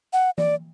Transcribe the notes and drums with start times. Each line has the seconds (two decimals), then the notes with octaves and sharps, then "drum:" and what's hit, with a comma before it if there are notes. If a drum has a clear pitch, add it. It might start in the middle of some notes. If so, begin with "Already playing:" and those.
0.13 F#5
0.38 D5, drum: tom E3